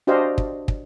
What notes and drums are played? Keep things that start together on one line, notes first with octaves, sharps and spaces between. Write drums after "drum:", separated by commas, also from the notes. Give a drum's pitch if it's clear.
D4 F#4 G4 C5 D#5 F5
drum: kick
drum: kick